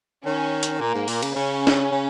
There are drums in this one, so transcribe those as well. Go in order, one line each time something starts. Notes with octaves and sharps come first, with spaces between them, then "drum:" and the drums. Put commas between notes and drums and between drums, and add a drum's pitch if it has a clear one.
D#3 C#4
drum: hi-hat
A#2 A#3
G#2
A#2, drum: open hi-hat
C#3, drum: cymbal
C#3 C#4
drum: snare
C#3